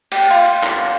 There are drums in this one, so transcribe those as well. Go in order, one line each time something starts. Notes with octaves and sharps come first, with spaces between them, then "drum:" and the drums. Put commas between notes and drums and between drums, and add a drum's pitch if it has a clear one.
G4, drum: cymbal
F4
drum: clap